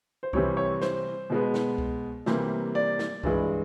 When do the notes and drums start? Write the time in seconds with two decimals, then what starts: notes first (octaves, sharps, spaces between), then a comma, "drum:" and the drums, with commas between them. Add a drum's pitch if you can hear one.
0.23 C5
0.33 C3 E3 G3 C4 C#5, drum: kick C2
0.57 C#5
0.82 C5, drum: snare
1.30 B2 G#3 B3
1.54 drum: snare
1.78 drum: kick C2
2.26 C3 E3 G3 A#3, drum: snare
2.75 D5
2.99 drum: snare
3.23 G2 E3 G#3, drum: kick C2